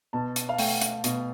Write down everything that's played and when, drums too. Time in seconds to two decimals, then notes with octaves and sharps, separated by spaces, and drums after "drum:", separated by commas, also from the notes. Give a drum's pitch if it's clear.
0.13 B2 A5
0.36 drum: hi-hat
0.49 F5
0.58 A3 G5, drum: open hi-hat
0.81 drum: hi-hat
1.04 B2, drum: hi-hat